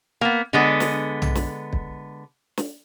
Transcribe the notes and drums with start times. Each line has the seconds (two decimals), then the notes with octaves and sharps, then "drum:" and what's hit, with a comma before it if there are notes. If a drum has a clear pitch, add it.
0.21 A#3 B3
0.53 D3 G#3 B3
0.80 drum: snare
1.22 drum: tom
1.35 drum: snare
1.73 drum: kick
2.57 drum: snare